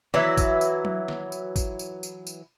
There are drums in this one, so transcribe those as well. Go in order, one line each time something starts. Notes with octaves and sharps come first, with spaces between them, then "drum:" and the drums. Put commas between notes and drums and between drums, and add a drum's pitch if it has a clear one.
E3 F#3 E4 B4, drum: snare
drum: kick G#1, tambourine
drum: tambourine
drum: tom F#3
drum: snare
drum: tambourine
drum: kick G#1, tambourine
drum: tambourine
drum: tambourine
drum: tambourine